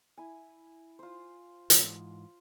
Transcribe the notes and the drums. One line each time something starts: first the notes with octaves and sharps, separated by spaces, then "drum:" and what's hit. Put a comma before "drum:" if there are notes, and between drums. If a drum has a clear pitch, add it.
E4 G#5
F4 C5
G#2 E3, drum: hi-hat